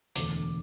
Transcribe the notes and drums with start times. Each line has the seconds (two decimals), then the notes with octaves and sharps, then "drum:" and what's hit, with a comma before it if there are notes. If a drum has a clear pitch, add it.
0.16 E1 D2 D3 D6, drum: hi-hat